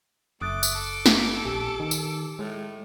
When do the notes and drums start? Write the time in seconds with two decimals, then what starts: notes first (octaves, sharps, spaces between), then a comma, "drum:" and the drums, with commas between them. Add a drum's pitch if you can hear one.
0.41 F#1 A3 D6 D#6 F#6 A6
0.63 drum: tambourine
0.75 A4
1.06 drum: snare
1.45 A#1 G4 G#5 A5
1.80 D#3
1.91 drum: tambourine
2.39 A2 G#3